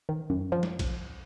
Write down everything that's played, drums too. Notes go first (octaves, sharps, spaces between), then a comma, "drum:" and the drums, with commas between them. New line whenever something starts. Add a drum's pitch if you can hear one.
D#3
F#2
F3
drum: snare
drum: kick A#1, cymbal